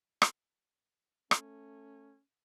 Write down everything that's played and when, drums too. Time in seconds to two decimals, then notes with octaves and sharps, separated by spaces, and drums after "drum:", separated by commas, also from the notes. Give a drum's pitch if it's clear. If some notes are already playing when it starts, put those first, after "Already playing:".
0.22 drum: rim click
1.31 A3 C#4, drum: rim click